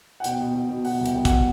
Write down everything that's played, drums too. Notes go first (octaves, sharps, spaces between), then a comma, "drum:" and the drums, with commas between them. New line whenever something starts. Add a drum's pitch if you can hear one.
F#5
B2 G5, drum: hi-hat
B2
B2
B2
B2 F#5, drum: open hi-hat
C2
G5, drum: hi-hat
B2
F#5, drum: kick, hi-hat